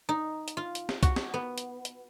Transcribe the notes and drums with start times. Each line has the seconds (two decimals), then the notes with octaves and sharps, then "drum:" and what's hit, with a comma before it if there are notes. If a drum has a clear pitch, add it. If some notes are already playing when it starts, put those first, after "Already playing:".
0.09 D#4
0.48 drum: hi-hat
0.57 F4
0.75 drum: hi-hat
0.89 drum: snare
1.03 F#4, drum: kick C2, hi-hat
1.16 drum: snare
1.34 B3
1.58 drum: hi-hat
1.85 drum: hi-hat